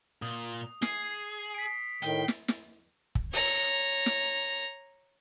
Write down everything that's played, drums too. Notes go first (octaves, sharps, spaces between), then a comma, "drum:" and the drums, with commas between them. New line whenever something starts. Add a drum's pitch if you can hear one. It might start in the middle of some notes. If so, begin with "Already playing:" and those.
A#2 D#6
G#4 C7, drum: snare
B6 D7
A2 D#3 G5, drum: hi-hat
drum: snare
drum: snare
drum: kick
C#5 A#5, drum: open hi-hat
drum: snare